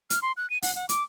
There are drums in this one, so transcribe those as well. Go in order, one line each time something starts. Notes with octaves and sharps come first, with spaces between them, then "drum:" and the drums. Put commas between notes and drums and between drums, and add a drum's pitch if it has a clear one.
F6, drum: hi-hat
C6
F#6
D#7
F#5, drum: open hi-hat
F#5
D6, drum: hi-hat